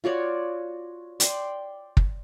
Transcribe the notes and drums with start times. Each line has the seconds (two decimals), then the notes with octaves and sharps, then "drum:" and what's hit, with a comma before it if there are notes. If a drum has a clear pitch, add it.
0.04 F4 F#4 C#5 D5
1.20 D5 G5 C6, drum: hi-hat
1.97 drum: kick